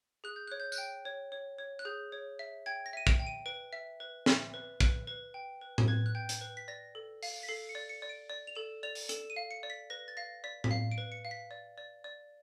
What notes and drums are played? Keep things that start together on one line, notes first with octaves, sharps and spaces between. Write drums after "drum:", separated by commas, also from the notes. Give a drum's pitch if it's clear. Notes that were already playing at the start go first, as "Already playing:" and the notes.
G#4 F#6
G6
C#5 F#6
G6
F#6, drum: tambourine
G5
C#5
C#5
C#5
F#6
G#4 G6
C#5
E5
G5 G#6
A#6
E5 D#7
D7, drum: kick
G5
D#7
B4 D7
E5
B4
E5, drum: snare
B4
B4, drum: kick
B4
G5
B4
drum: tom A2
B4 G#6
F#6
G5 G6
drum: hi-hat
B4
B6
D5 A#6
A4
F5, drum: open hi-hat
B6
A4 C7
C#7
D5
C#7
D5
D7
D5
F7
A4 E7
D5 F7
drum: open hi-hat
A4 E7, drum: hi-hat
D#7
F5
C#7
D5
B6
B4 A#6
A6
F5 A#6
D5 B6
B6, drum: tom A2
F5 C7
D7
B4
C#7
F5
B6
D5
D5
D5